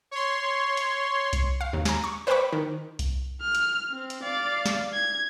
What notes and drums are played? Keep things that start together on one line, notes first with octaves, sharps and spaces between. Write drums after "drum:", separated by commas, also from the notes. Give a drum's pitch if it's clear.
C#5 C6
drum: hi-hat
drum: kick C2, hi-hat
F5
D#2
G#5 A#5, drum: snare
C#6
B4 C5 F5 G5 B5 C#6
D#3
drum: kick C2, hi-hat
F6
drum: hi-hat
C4
drum: hi-hat
D5 F5
drum: snare
G#6